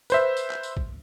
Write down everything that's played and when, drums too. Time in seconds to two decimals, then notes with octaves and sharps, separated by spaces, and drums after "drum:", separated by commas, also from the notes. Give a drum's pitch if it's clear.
0.10 B4 C5 E5, drum: tambourine
0.37 drum: tambourine
0.50 drum: clap
0.63 drum: tambourine
0.77 drum: kick